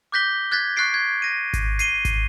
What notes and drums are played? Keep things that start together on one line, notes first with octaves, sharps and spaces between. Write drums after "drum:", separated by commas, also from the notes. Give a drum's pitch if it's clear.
D6 F#6 G6 A#6 B6 G7
F#6 G#6 A6 B6
C#6 F#6 A6 C7 D7
G#6
A#6 D#7
drum: kick G#1, hi-hat
C7 D#7 G7, drum: hi-hat
drum: kick G#1, hi-hat